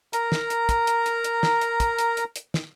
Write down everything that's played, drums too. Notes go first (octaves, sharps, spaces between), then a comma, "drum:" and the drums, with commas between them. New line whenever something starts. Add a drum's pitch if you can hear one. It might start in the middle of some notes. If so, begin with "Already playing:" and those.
A#4 A#5, drum: hi-hat
drum: snare
drum: hi-hat
drum: kick, hi-hat
drum: hi-hat
drum: hi-hat
drum: hi-hat
drum: snare
drum: hi-hat
drum: kick, hi-hat
drum: hi-hat
drum: hi-hat
drum: hi-hat
drum: snare